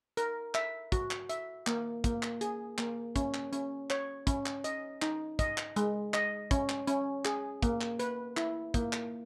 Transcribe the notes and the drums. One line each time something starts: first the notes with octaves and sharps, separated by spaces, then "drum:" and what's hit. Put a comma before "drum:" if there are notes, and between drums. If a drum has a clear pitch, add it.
A#4, drum: hi-hat
E5, drum: clap
F#4, drum: kick, hi-hat
drum: clap
E5, drum: hi-hat
A#3, drum: clap
A#3, drum: kick, hi-hat
drum: clap
G#4, drum: hi-hat
A#3, drum: clap
C#4, drum: kick, hi-hat
drum: clap
C#4, drum: hi-hat
C#5, drum: clap
C#4, drum: kick, hi-hat
drum: clap
D#5, drum: hi-hat
D#4, drum: clap
D#5, drum: kick, hi-hat
drum: clap
G#3, drum: hi-hat
D#5, drum: clap
C#4, drum: kick, hi-hat
drum: clap
C#4, drum: hi-hat
G#4, drum: clap
A#3, drum: kick, hi-hat
drum: clap
B4, drum: hi-hat
E4, drum: clap
A#3, drum: kick, hi-hat
drum: clap